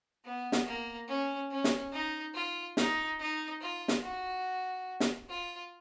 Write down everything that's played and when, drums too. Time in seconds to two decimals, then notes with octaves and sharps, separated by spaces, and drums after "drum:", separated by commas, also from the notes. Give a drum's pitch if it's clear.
0.24 B3
0.52 drum: snare
0.66 A#3
1.08 C#4
1.51 C#4
1.64 drum: snare
1.92 D#4
2.34 F4
2.77 D#4, drum: snare
3.19 D#4
3.61 F4
3.88 drum: snare
4.02 F#4
5.00 drum: snare
5.29 F4